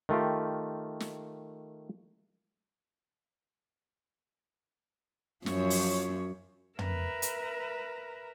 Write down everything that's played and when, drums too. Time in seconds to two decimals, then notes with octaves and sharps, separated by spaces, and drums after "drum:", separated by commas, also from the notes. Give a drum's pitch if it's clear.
0.09 D#3 A3 F4 G4
1.00 drum: snare
5.46 F#2 F3 C#5, drum: snare
5.70 drum: open hi-hat
6.79 A#4 B4 E5 A#5, drum: tom
7.22 drum: hi-hat